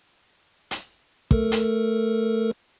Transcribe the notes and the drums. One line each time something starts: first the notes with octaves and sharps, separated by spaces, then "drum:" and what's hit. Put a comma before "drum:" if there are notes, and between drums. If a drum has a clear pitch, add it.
drum: hi-hat
A3 A4 A#4, drum: kick
drum: hi-hat